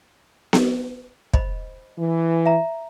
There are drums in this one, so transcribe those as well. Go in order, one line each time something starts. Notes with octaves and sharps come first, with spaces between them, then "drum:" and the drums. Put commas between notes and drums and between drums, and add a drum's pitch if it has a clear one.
drum: snare B3
C5 D#5 B5, drum: kick
E3
E5 A#5